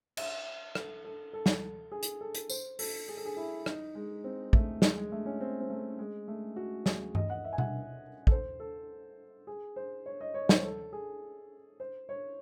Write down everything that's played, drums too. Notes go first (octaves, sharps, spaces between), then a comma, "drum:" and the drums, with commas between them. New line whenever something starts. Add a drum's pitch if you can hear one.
E5, drum: cymbal
A4, drum: rim click
A4
A4
drum: snare
G#4
drum: hi-hat
A4
drum: hi-hat
C5, drum: tambourine
A4, drum: open hi-hat
G#4
A4
G#4
E4
D#4, drum: rim click
G#3
C4
A3, drum: kick
G#3, drum: snare
G#3
A3
C#4
C4
C4
A3
G#3
A3
F#4
G#4, drum: snare
D#5, drum: tom G2
F#5
E5
G#5
F#5, drum: tom B2
A4, drum: kick
C5
A4
G#4
C5
C#5
D#5
C#5
C5, drum: snare
A4
G#4
C5
C#5